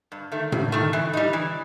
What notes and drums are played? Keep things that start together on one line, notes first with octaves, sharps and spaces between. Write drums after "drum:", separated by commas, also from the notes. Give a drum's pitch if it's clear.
G2
D#3 A3
G2, drum: tom A2
D#3 A3
E3
G3 D#4
E3